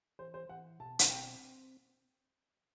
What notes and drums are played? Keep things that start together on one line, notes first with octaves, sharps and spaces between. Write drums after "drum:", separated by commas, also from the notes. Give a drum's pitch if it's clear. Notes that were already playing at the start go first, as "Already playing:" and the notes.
E3 C5
C5
E3 F#5
B2 A5
drum: hi-hat
C4 G5